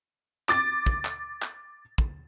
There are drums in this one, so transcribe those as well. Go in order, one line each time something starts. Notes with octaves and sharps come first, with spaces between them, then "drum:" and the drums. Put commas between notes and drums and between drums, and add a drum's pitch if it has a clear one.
D6 A6, drum: clap
drum: kick
drum: clap
drum: clap
drum: kick